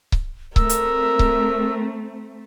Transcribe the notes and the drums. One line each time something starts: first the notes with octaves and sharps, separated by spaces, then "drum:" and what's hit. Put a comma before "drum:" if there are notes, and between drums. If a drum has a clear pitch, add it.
drum: kick C#1
A3 C4 A#4 E6, drum: kick C#1
drum: hi-hat
drum: kick C#1